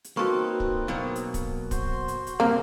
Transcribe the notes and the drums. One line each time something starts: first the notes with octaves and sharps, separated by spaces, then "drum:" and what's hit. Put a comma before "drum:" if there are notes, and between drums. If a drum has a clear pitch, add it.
drum: hi-hat
A#3 C4 D#4 F#4 A4 B4 C6 C#6
drum: kick
B2 F#3 A#3 D5
drum: hi-hat
drum: kick, hi-hat
F#4 C5 C6, drum: kick, hi-hat
drum: hi-hat
drum: hi-hat
G2 C3 A#3 C4